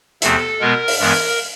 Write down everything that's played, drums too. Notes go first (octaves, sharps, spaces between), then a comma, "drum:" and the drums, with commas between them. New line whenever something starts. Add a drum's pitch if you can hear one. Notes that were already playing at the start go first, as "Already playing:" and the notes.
E2 C3 F3 A3 C4 A4, drum: hi-hat
B2 G#3 B3 A#4
drum: open hi-hat
G2 E3 G#3 B3 A#4